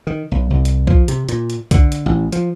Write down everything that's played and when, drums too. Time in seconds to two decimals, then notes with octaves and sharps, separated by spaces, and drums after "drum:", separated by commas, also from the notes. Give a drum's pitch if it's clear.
0.07 D#3
0.31 B1
0.50 C2
0.65 drum: hi-hat
0.87 F3, drum: kick
1.08 C3, drum: hi-hat
1.29 A#2, drum: hi-hat
1.50 drum: hi-hat
1.71 D3, drum: kick, hi-hat
1.92 drum: hi-hat
2.06 A1
2.32 F3, drum: hi-hat